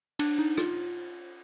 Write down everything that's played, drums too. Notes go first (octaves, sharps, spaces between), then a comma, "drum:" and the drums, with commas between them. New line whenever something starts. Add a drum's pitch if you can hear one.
D4, drum: cymbal
D#4
F4, drum: rim click